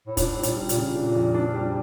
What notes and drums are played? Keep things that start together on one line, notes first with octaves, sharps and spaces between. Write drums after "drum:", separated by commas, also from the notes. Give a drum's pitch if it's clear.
A2
A#2 D4, drum: kick, hi-hat
A2
G3
A#2, drum: hi-hat
G3
A#2, drum: hi-hat
C#3
A#2 D4
F2
D4
G3